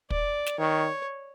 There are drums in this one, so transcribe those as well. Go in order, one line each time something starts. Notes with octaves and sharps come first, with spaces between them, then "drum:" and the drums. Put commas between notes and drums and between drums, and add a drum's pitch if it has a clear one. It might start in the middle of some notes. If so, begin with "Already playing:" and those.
D5, drum: kick
drum: snare
D#3 C#5